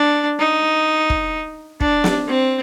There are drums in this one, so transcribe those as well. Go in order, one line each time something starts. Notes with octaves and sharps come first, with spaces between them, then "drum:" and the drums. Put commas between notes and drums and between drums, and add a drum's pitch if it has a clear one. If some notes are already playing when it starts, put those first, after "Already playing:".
Already playing: D4
D#4
drum: kick
D4, drum: kick
drum: snare
C4